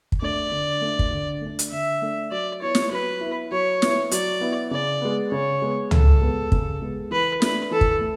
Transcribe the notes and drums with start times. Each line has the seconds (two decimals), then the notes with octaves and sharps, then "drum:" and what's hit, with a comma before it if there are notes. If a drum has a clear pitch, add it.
0.12 drum: kick
0.21 A3 D4 D5
0.52 D3
0.81 A3 D4
0.99 drum: kick
1.11 D3
1.41 A3 D4
1.59 drum: hi-hat
1.71 D3 E5
2.02 A3 D4
2.31 F#3 D5
2.62 B3 E4 C#5
2.75 drum: snare
2.91 F#3 B4
3.21 B3 E4
3.51 F#3 C#5
3.82 B3 E4, drum: snare
4.11 F#3 D5, drum: hi-hat
4.41 B3 E4
4.71 C#3 D5
5.01 G#3 B3
5.32 C#3 C#5
5.62 G#3 B3
5.91 C#3 A4, drum: tom C#2
6.22 G#3 B3
6.52 C#3, drum: kick
6.82 G#3 B3
7.11 E3 B4
7.42 A3 D4 B4, drum: snare
7.71 E3 A4
7.81 drum: kick
8.01 A3